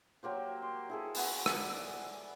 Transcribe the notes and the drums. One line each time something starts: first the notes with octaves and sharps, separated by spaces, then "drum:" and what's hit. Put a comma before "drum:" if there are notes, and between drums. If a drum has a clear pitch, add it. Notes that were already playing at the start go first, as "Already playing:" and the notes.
F#3 A#3 G4 C5
C6
E4 G#4 A4
E3 B3 F#4 B5, drum: open hi-hat
drum: rim click
D5